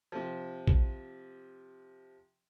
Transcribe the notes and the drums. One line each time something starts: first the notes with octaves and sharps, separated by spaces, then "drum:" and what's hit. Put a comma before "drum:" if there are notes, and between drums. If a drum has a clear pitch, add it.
C3 F3
drum: kick A#1